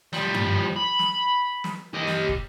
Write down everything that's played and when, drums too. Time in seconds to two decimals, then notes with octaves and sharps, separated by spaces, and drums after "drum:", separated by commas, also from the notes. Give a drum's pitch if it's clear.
0.13 F3 G3, drum: snare
0.34 drum: tom G2
0.76 B5
0.99 drum: snare
1.64 drum: snare
1.94 G4 D#5
2.07 drum: snare
2.29 drum: kick